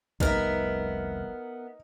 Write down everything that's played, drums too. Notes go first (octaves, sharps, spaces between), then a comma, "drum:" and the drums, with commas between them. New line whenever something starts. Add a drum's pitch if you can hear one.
F1 C2 B3 D#4 A#4 E5 F6, drum: kick